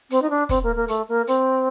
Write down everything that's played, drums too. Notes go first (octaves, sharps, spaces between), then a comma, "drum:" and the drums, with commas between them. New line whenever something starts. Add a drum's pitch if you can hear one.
C4, drum: hi-hat
D#4
D4
C4, drum: kick, hi-hat
A#3
A#3
A3, drum: hi-hat
A#3
C4, drum: hi-hat